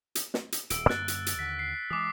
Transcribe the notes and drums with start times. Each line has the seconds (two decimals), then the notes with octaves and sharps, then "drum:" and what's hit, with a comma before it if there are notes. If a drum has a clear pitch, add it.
0.15 drum: hi-hat
0.34 drum: snare
0.52 drum: hi-hat
0.70 D#1 E6 D7, drum: hi-hat
0.89 F#2 D3 A#3 F#6 A6, drum: snare
1.08 drum: hi-hat
1.27 drum: hi-hat
1.39 D#2 D3 B6
1.59 C7
1.90 E3 G#3 D6 D#6